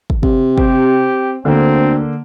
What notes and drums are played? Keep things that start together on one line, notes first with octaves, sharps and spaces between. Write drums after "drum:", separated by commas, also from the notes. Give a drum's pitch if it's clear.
drum: kick
C3, drum: kick
C4 G4, drum: kick
D2 D3 A#3 C4